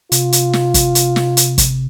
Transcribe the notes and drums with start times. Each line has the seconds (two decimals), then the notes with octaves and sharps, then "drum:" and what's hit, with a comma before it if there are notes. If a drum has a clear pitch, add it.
0.12 C3 F4, drum: hi-hat
0.32 drum: hi-hat
0.53 drum: snare
0.74 drum: kick, hi-hat
0.95 drum: hi-hat
1.16 drum: snare
1.37 drum: hi-hat
1.58 drum: kick, hi-hat